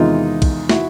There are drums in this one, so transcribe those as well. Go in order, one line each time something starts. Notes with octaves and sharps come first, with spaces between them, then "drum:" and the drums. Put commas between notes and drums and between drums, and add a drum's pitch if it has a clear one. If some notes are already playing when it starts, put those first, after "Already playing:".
Already playing: E2 C3 D#3 G#3 D#4 F4
drum: kick, cymbal
E4 F#4, drum: snare